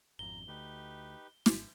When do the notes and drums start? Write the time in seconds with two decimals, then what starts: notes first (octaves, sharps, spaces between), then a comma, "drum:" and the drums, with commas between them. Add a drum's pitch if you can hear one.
0.19 G#1 F2 A#5 G7
0.48 D2 D#4 G4 B4
1.46 G#1 B2, drum: snare